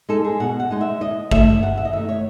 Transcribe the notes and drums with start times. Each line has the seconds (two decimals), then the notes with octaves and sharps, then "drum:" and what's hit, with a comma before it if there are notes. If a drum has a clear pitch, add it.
0.09 G#3 D#4 A4
0.25 G#4
0.40 B2 F#5
0.60 F#5
0.71 G#3 D#4
0.81 E5
1.01 D#2 D#5
1.31 D#3 A3 E5, drum: kick
1.63 D#2 F#5
1.77 E5
1.85 D#5
1.93 D#3 A3 E5
2.09 C#5